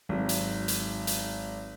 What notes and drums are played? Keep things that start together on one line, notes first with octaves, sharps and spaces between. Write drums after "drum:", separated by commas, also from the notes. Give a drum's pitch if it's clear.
G#1 F#3
drum: hi-hat
drum: hi-hat
drum: hi-hat